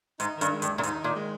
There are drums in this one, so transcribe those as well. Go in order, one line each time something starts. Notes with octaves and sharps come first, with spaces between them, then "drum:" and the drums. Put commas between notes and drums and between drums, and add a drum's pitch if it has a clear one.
G#2 D#4, drum: hi-hat
D#3
G2, drum: hi-hat
G#3
G2, drum: hi-hat
D#2
A#2
G#2 D#4, drum: hi-hat
A#2 D#3
G#3